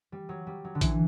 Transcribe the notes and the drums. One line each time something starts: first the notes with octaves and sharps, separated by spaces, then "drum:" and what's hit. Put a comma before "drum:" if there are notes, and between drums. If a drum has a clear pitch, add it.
G3
F#3
G3
F#3
D3
E3, drum: kick A1, hi-hat